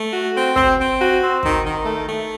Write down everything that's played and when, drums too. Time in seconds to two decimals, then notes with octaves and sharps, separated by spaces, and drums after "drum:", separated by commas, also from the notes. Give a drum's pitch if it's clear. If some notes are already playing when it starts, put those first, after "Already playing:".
Already playing: A3
0.12 F#4
0.34 C4
0.56 C4, drum: kick
0.78 C4
0.99 F#4
1.21 C4
1.43 D#3, drum: kick
1.64 D#3
1.85 A3
2.07 A3